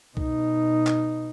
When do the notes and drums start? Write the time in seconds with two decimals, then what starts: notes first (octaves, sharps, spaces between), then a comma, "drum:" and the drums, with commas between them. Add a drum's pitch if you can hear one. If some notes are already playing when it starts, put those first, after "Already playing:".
0.17 B2 D#4, drum: kick C2
0.87 drum: clap